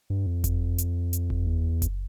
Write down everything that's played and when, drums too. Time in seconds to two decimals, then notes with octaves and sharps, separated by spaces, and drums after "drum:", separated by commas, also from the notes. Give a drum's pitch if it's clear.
0.10 G2
0.26 F2
0.44 drum: kick F#1, hi-hat
0.78 drum: hi-hat
1.13 drum: hi-hat
1.30 drum: kick F#1
1.47 E2
1.82 drum: kick F#1, hi-hat